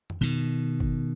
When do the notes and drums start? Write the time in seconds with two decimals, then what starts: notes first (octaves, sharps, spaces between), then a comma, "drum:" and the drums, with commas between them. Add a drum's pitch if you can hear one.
0.10 drum: tom F2
0.21 B2 D#3
0.80 drum: kick